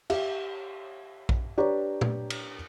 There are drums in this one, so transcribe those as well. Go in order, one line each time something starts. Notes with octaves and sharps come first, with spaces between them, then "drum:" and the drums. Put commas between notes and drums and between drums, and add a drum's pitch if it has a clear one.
G4 E5 F5, drum: cymbal
drum: kick A#1
D4 G4 B4 C#5 D5 A#5
drum: tom A#2
drum: cymbal